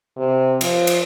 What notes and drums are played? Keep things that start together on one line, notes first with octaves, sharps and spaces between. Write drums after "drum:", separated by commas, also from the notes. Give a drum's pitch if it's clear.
C3
F3, drum: cymbal
drum: cymbal